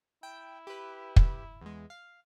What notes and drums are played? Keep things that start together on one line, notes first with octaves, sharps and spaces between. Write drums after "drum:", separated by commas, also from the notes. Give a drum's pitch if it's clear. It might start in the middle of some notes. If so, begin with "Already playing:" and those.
E4 G5
G4 B4
drum: kick
E2 G#3
F5